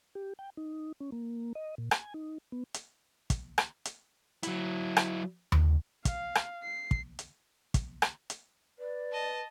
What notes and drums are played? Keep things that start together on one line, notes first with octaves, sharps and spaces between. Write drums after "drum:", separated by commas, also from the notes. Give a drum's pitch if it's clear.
G4
G5
D#4
C#4
A#3
D#5
A#2
G#5, drum: rim click
D#4
B3
drum: hi-hat
drum: kick, hi-hat
drum: rim click
drum: hi-hat
F#3 E4, drum: hi-hat
drum: rim click
drum: tom D#2
F5, drum: kick, hi-hat
drum: rim click
C7
drum: kick
drum: hi-hat
drum: kick, hi-hat
drum: rim click
drum: hi-hat
B4 D5
D#5 A5